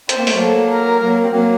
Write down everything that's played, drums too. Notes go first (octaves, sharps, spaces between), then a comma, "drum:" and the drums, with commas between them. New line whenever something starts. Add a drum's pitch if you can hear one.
C4 C5, drum: hi-hat
A#3
A3, drum: open hi-hat
F#3 A#3
A4
A#4
F#3 A#3
C4
F#3 A#3